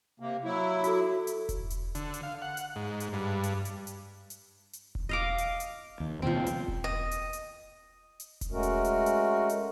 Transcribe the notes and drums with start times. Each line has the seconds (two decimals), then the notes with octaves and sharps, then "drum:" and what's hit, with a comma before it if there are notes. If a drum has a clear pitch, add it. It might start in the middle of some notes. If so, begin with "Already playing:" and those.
0.20 C3 A#3
0.44 F#3 E4
0.84 F#4 A4, drum: hi-hat
1.27 drum: hi-hat
1.49 drum: kick E1, hi-hat
1.70 drum: hi-hat
1.95 D3, drum: hi-hat
2.14 drum: hi-hat
2.23 F5
2.42 F#5
2.57 drum: hi-hat
2.76 G#2
3.00 drum: hi-hat
3.13 G2
3.43 drum: hi-hat
3.65 drum: hi-hat
3.87 drum: hi-hat
4.30 drum: hi-hat
4.73 drum: hi-hat
4.95 drum: kick E1
5.09 D#5 F5 D6
5.38 drum: hi-hat
5.60 drum: hi-hat
6.00 D#2
6.22 D#2 B2 F3 C4
6.46 drum: hi-hat
6.68 drum: kick E1
6.84 D#5
7.11 drum: hi-hat
7.33 drum: hi-hat
8.20 drum: hi-hat
8.41 drum: kick E1, hi-hat
8.52 G#3 A3 C#4 F#4 A#4
8.63 drum: hi-hat
8.85 drum: hi-hat
9.06 drum: hi-hat
9.49 drum: hi-hat